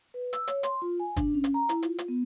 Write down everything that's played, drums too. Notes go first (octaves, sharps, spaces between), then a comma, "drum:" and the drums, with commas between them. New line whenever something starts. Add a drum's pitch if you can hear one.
B4
E6, drum: hi-hat
C#5, drum: hi-hat
C6, drum: hi-hat
F4
G#5
D4, drum: kick, hi-hat
C#4
drum: hi-hat
A#5
E4, drum: hi-hat
F4, drum: hi-hat
drum: hi-hat
B3